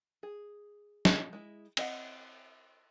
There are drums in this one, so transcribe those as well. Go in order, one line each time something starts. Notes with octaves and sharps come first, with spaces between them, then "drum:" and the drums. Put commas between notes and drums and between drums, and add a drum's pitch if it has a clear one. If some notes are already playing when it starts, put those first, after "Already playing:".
G#4
drum: snare
G#3 E4
C4 D#5 F#5, drum: cymbal